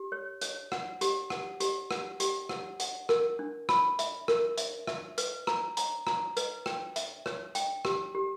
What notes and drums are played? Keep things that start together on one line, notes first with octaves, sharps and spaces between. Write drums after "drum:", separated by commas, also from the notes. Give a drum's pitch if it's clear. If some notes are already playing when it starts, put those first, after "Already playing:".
Already playing: G4
C#5
C#5, drum: hi-hat
F#5, drum: rim click
G4, drum: hi-hat
F#5, drum: rim click
G4, drum: hi-hat
F#5, drum: rim click
G4, drum: hi-hat
F#5, drum: rim click
F#5, drum: hi-hat
A#4, drum: rim click
D4
B5, drum: rim click
E5, drum: hi-hat
A#4, drum: rim click
E5, drum: hi-hat
E5, drum: rim click
B4, drum: hi-hat
A#5, drum: rim click
A#5, drum: hi-hat
A#5, drum: rim click
B4, drum: hi-hat
G5, drum: rim click
E5, drum: hi-hat
C#5, drum: rim click
G5, drum: hi-hat
G4, drum: rim click
G4